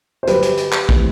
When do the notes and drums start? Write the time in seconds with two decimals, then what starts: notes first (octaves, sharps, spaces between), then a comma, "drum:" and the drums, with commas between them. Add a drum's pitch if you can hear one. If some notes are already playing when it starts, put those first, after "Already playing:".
0.23 C5
0.27 G1 F#2 F#3 G4 B4, drum: hi-hat
0.42 drum: hi-hat
0.57 drum: hi-hat
0.72 drum: clap
0.89 E3 A3 C4, drum: kick A#1